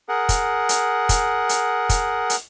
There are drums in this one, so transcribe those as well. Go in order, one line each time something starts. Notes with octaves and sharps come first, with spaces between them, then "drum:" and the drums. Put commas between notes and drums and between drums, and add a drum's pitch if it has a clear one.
G#4 A#4 F#5
drum: kick, hi-hat
drum: hi-hat
drum: kick, hi-hat
drum: hi-hat
drum: kick, hi-hat
drum: hi-hat